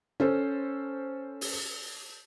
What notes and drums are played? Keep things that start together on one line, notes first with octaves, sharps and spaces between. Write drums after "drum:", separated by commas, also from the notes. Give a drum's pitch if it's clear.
C#4 A4 C5
drum: open hi-hat